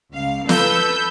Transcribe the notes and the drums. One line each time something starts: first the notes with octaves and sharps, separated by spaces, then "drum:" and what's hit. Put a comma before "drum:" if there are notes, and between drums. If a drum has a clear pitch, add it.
C#2 F5
A4 B4 E6 G6, drum: snare